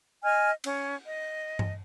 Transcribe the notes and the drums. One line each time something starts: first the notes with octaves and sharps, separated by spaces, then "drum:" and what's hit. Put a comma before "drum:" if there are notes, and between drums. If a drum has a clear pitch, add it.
D#5 G#5 F6
C#4, drum: cymbal
D#5
drum: tom G2